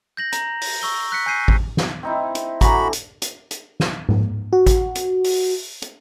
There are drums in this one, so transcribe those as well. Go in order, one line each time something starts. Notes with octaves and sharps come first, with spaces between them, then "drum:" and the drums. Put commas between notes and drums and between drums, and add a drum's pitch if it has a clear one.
G6 A#6 F#7
A#5, drum: hi-hat
drum: open hi-hat
C#6 E6 G7
F#6 B6 C#7
G#5 F#6 G6 C7 D#7
drum: kick G#1
drum: snare
C4 D#4 E4
drum: hi-hat
D3 F#4 G#5 A#5 B5, drum: kick G#1, hi-hat
drum: hi-hat
drum: hi-hat
drum: hi-hat
drum: snare
drum: tom G#2
F#4
drum: kick G#1, hi-hat
drum: hi-hat
drum: open hi-hat
drum: hi-hat